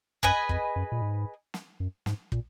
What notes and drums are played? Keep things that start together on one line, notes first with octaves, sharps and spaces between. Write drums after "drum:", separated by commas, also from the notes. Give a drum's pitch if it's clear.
F#2 G#4 B4 D#5 G#5, drum: kick
F2, drum: kick
F#2
A#2
G#2
drum: snare
F#2
G#2, drum: snare
A#2, drum: kick